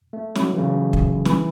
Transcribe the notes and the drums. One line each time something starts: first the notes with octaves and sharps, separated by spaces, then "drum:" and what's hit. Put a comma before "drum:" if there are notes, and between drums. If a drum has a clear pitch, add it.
A3
F#3, drum: snare
E3
C#3
drum: kick
E3, drum: snare